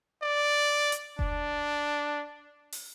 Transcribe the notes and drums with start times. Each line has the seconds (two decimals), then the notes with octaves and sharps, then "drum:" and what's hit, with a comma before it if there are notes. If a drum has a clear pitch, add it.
0.22 D5
0.92 drum: hi-hat
1.19 D4, drum: kick F1
2.72 drum: open hi-hat